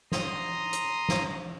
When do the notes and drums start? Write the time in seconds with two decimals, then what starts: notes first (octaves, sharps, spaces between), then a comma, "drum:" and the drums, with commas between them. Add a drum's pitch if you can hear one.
0.12 A#5 C6 D#6, drum: snare
0.73 drum: hi-hat
1.09 drum: snare